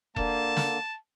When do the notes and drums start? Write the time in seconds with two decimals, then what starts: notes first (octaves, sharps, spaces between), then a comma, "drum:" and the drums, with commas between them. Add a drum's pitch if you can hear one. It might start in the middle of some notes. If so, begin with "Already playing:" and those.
0.16 D3 A#3 A5, drum: kick E1
0.57 drum: snare